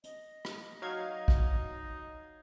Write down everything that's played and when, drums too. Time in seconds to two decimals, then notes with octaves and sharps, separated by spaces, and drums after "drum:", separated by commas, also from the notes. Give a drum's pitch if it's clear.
0.04 D#5, drum: hi-hat
0.45 drum: rim click
0.82 F#3 D#4 F5 G#6
1.28 drum: kick